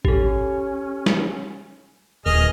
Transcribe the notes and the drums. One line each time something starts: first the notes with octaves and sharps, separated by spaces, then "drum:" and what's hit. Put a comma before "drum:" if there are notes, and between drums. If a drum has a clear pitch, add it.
C#4 G4 A4, drum: kick G#1
drum: snare
D#1 E3 G#4 A#4 D#5 F6